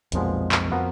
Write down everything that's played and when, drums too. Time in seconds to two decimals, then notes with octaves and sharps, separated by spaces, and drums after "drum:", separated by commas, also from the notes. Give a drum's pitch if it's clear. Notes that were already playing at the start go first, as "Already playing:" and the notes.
0.12 B1 F2 A#2 F3 G#3 B3, drum: hi-hat
0.52 drum: clap
0.71 F3 B3 F#4 A#4